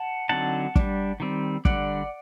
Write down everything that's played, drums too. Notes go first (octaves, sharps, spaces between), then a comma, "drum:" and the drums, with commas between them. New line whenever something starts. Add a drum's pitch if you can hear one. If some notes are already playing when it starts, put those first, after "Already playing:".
Already playing: F#5 A5
D3 F#3 C4 D#4 F#5 A5
G3 D4, drum: kick
D#3 G3 C4
D3 G3 D4 D5 F#5, drum: kick